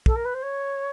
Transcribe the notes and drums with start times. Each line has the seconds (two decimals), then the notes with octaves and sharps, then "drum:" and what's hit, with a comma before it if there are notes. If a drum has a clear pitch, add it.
0.06 A4, drum: kick
0.15 A#4
0.24 B4
0.34 C5
0.42 C#5